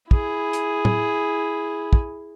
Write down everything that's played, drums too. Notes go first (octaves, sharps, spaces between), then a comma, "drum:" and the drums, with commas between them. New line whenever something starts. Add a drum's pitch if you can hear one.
E4 G#4, drum: kick
drum: hi-hat
drum: tom
drum: kick